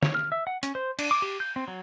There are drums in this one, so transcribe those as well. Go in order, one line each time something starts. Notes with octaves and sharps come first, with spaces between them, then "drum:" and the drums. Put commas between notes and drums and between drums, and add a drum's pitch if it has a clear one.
C#5, drum: snare
F6
E5
F#5
C#4, drum: hi-hat
C5
D4, drum: cymbal
D6
G4
G6
C4
F#3